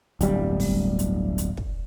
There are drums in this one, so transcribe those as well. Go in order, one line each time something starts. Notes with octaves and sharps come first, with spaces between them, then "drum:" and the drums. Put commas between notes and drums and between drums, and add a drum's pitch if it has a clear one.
D1 G1 G3, drum: hi-hat
drum: kick, open hi-hat
drum: hi-hat
drum: hi-hat
drum: kick